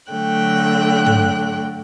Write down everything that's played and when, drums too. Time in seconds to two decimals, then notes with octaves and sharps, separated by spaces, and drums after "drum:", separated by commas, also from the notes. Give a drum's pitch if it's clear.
0.11 D3 F#3 A3 G5 F#6
1.06 drum: tom